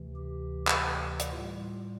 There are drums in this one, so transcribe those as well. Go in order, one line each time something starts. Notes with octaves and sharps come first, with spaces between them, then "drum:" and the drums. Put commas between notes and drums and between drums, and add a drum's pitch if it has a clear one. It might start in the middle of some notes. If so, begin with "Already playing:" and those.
Already playing: D2 C3 E3
G4
drum: clap
drum: hi-hat
A2 G3 F4